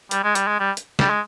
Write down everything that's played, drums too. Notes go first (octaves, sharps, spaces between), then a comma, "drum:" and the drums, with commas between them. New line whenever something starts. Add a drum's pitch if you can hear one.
G3, drum: hi-hat
G#3
G3, drum: hi-hat
G#3
G3
drum: hi-hat
G3, drum: snare
G#3